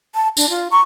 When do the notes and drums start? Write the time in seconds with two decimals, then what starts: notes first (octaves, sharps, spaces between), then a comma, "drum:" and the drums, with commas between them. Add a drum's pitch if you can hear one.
0.15 A5
0.37 D4, drum: tambourine
0.50 F4
0.71 A#5 C#6